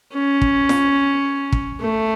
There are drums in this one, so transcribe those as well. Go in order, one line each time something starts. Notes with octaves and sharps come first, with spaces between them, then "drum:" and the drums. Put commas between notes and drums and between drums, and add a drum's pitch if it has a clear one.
C#4
drum: kick
drum: snare
drum: kick
A3